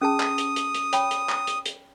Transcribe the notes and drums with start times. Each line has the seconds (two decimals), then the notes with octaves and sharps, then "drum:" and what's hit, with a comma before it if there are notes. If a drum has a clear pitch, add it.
0.02 C#4 G#4 A5 D#6
0.20 drum: clap
0.38 drum: hi-hat
0.56 drum: hi-hat
0.75 drum: hi-hat
0.93 C#5 G5 B5, drum: hi-hat
1.11 drum: hi-hat
1.29 drum: clap
1.47 drum: hi-hat
1.66 drum: hi-hat